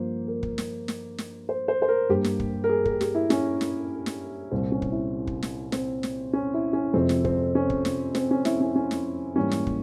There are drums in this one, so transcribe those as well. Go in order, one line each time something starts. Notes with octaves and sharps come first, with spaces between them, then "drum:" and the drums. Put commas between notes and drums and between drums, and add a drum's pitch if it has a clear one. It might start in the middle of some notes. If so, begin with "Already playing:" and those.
Already playing: G2 F3 A#3 C5
A#4
drum: kick
drum: snare
drum: snare
drum: snare
C5
C5
C5
A#4
G2 G3 A#3 G4
drum: snare
drum: kick
A#4
G#4
A#4, drum: kick
G4, drum: snare
E4
C#4, drum: snare
drum: snare
drum: snare
C2 A#2 G3 C4
C#4
drum: kick
E4
drum: kick
drum: snare
C4, drum: snare
drum: snare
C#4
E4
C#4
F2 C3 F3 G#3 C4
drum: snare
C4, drum: kick
C#4
drum: kick
drum: snare
C4, drum: snare
C#4
E4, drum: snare
C#4
C#4
drum: snare
G#2 E3 G3 A#3 C#4
drum: snare
drum: kick